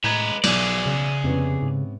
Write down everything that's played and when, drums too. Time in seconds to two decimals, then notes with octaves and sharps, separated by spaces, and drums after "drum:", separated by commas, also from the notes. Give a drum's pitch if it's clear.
0.04 A2 G#3 B4 A#5 G#6
0.44 B1 F#3 G#4 D5 E7, drum: cymbal
0.86 C#3
1.24 F2 C3 B3 C#4
1.62 G#2